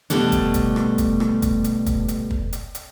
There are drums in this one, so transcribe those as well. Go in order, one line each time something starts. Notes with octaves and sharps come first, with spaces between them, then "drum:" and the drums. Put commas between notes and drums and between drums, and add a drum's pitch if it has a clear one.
B2 D3 G3 A3 D4, drum: hi-hat
drum: kick, hi-hat
drum: kick, hi-hat
drum: rim click
drum: kick, hi-hat
drum: rim click
drum: kick, hi-hat
drum: hi-hat
drum: kick, hi-hat
drum: hi-hat
drum: kick
drum: hi-hat
drum: hi-hat